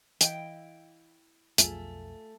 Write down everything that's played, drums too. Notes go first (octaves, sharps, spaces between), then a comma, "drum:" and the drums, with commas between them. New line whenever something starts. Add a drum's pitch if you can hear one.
E3 E4 D#5 F5 G5, drum: hi-hat
B1 F2 A3 F4 G#4, drum: hi-hat